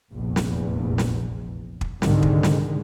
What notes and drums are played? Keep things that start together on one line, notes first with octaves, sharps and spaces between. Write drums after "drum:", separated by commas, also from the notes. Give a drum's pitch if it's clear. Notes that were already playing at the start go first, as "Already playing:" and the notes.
F1 A#1 E2
drum: snare
drum: snare
drum: kick
C2 G#2 D3 D#3 G#3, drum: snare
drum: kick
drum: snare